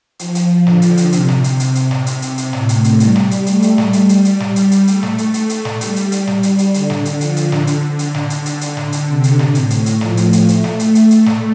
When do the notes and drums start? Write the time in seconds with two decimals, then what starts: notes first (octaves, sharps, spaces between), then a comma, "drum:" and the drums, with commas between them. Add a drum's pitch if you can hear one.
0.19 F3, drum: hi-hat
0.35 drum: hi-hat
0.67 D3, drum: snare
0.82 drum: hi-hat
0.97 drum: hi-hat
1.12 C3, drum: hi-hat
1.28 drum: snare
1.44 drum: hi-hat
1.60 drum: hi-hat
1.75 drum: hi-hat
1.91 drum: snare
2.06 drum: hi-hat
2.22 drum: hi-hat
2.38 drum: hi-hat
2.53 A2, drum: snare
2.69 drum: hi-hat
2.84 drum: hi-hat
3.00 G3, drum: hi-hat
3.16 drum: snare
3.31 drum: hi-hat
3.46 A3, drum: hi-hat
3.62 drum: hi-hat
3.78 drum: snare
3.93 G3, drum: hi-hat
4.09 drum: hi-hat
4.25 drum: hi-hat
4.40 drum: snare
4.56 drum: hi-hat
4.71 drum: hi-hat
4.87 A3, drum: hi-hat
5.03 drum: snare
5.18 drum: hi-hat
5.34 drum: hi-hat
5.49 drum: hi-hat
5.65 drum: snare
5.81 G3, drum: hi-hat
5.96 drum: hi-hat
6.12 drum: hi-hat
6.27 G3, drum: snare
6.43 drum: hi-hat
6.59 drum: hi-hat
6.74 D3, drum: hi-hat
6.90 drum: snare
7.05 drum: hi-hat
7.21 F3, drum: hi-hat
7.36 drum: hi-hat
7.52 drum: snare
7.67 D3, drum: hi-hat
7.99 drum: hi-hat
8.14 drum: snare
8.30 drum: hi-hat
8.46 drum: hi-hat
8.61 drum: hi-hat
8.77 drum: snare
8.92 drum: hi-hat
9.08 C3
9.24 drum: hi-hat
9.39 drum: snare
9.55 A2, drum: hi-hat
9.70 drum: hi-hat
9.86 drum: hi-hat
10.01 F3, drum: snare
10.17 drum: hi-hat
10.33 drum: hi-hat
10.49 A3, drum: hi-hat
10.64 drum: snare
10.79 drum: hi-hat
10.95 drum: hi-hat
11.11 drum: hi-hat
11.26 drum: snare